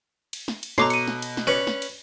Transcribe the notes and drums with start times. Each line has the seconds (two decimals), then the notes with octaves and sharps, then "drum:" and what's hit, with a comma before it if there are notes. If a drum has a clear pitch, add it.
0.33 drum: cymbal
0.48 drum: snare
0.63 drum: cymbal
0.78 B2 A4 C#5 A#5 C6 D6 C7, drum: snare
0.90 C#7 D#7, drum: cymbal
1.08 drum: snare
1.22 drum: cymbal
1.37 drum: snare
1.47 C#4 B4 D5 C#6
1.67 drum: snare
1.82 drum: cymbal